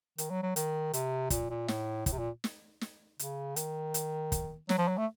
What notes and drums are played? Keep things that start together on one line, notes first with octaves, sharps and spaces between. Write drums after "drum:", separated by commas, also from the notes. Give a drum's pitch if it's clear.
D#3, drum: hi-hat
F#3
F#3
D#3, drum: hi-hat
C3, drum: hi-hat
A#2, drum: kick, hi-hat
A#2
A2, drum: snare
A2, drum: kick, hi-hat
C3
A#2
drum: snare
drum: snare
C#3, drum: hi-hat
D#3, drum: hi-hat
drum: hi-hat
drum: kick, hi-hat
F#3, drum: snare
F3
F#3
A3